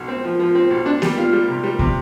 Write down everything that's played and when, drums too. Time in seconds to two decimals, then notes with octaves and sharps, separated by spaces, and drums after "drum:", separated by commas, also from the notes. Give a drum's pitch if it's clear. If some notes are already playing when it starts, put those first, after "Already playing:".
Already playing: B1
0.08 C4
0.24 F3
0.39 F3
0.55 C4
0.70 B1
0.86 D4
1.02 G3, drum: snare A#3
1.18 F4
1.33 G3
1.48 C3
1.63 G3
1.79 C3, drum: kick